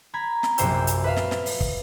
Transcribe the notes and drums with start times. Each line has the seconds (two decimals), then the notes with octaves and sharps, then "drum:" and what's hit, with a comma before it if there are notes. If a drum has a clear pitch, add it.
0.14 A#5 B5 G#6
0.43 drum: snare
0.58 A#1 F#2 C3 C5 G5 E6, drum: hi-hat
0.87 drum: hi-hat
1.04 B4 E5 F5
1.16 drum: snare
1.31 drum: snare
1.46 drum: open hi-hat
1.61 drum: kick